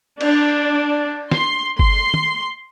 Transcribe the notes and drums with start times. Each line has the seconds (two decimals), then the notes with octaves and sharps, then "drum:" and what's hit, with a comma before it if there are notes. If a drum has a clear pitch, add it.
0.21 D4, drum: cymbal
1.32 C6, drum: snare
1.79 C6, drum: kick
2.14 drum: tom